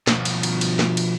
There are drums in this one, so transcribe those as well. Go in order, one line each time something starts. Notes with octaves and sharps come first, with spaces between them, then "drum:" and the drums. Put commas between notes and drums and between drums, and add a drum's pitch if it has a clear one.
B2 F3, drum: snare
drum: cymbal
drum: cymbal
drum: cymbal
drum: snare
drum: cymbal